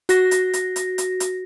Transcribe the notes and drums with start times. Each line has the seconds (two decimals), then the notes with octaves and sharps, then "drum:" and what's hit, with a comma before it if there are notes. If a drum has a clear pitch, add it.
0.09 F#4 A#6, drum: hi-hat
0.31 drum: hi-hat
0.53 drum: hi-hat
0.76 drum: hi-hat
0.98 drum: hi-hat
1.20 drum: hi-hat